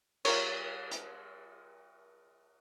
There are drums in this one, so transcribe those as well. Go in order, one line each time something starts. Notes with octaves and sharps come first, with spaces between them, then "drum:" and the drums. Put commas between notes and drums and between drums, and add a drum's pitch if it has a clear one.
G3 F4 A#4 C#5, drum: cymbal
drum: hi-hat